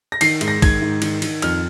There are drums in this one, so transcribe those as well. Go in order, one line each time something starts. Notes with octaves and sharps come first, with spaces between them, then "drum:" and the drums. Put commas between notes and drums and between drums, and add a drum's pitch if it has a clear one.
A#6
D#3 C7, drum: cymbal
G#2, drum: cymbal
A#6
D#3 G#6, drum: kick, cymbal
G#2
D#3, drum: cymbal
D#3, drum: cymbal
F2 F6, drum: cymbal